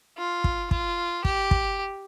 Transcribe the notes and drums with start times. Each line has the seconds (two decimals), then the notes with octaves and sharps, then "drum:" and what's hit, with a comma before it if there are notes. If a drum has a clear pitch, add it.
0.17 F4
0.44 drum: kick
0.71 F4, drum: kick
1.25 G4, drum: kick
1.51 drum: kick